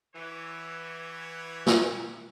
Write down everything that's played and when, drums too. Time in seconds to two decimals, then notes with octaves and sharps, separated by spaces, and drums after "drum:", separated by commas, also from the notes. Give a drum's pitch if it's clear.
0.15 E3 F#4 G4 C#5
1.66 drum: snare